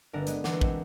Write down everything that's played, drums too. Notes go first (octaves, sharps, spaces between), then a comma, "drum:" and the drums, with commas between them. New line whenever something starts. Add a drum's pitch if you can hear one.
G1 D3 C4 D4 A#4
G#3 B3, drum: hi-hat
E3 G3 A#4 F#5 D6 C7, drum: snare
G#3 C4, drum: kick